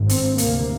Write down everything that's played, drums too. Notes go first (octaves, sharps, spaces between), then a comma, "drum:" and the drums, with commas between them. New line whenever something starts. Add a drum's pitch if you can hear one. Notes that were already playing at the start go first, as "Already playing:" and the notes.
Already playing: G#1 G2
C4, drum: hi-hat
D2 C3 A#3, drum: hi-hat